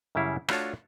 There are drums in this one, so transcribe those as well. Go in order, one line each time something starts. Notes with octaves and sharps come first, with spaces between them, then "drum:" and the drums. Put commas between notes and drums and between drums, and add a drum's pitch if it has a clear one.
F#2 C#3 G3 E4 F5
A3 D4 F4 F#4 C#5 A5, drum: rim click